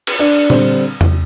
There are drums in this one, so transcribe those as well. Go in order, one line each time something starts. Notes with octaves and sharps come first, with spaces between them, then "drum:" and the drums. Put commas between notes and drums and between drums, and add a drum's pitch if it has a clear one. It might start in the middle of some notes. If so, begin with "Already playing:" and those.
drum: cymbal
D4
D3 G3 C4, drum: tom A#2
drum: tom E2